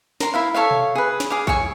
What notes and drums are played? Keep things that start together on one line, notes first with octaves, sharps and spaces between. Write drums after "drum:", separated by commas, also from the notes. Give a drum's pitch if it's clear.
A#4 C6, drum: snare
E4 E5 F5
A4 C#5 E5 F5
drum: tom B2
G#4 B4
drum: snare
G#4 F5 D6
C#5 E5 G#5 C#6, drum: kick A#1